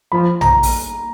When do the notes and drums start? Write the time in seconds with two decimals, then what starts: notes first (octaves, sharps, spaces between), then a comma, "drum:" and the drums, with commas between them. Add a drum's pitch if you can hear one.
0.12 F3 B5
0.41 A#5, drum: tom A#1
0.63 drum: open hi-hat